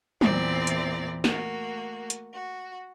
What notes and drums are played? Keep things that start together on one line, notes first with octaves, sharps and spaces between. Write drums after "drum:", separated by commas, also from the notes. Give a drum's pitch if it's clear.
E2 A#2 E3 C4 D5 A#5, drum: tom
drum: hi-hat
A3 A#3 F#4, drum: snare
drum: hi-hat
F#4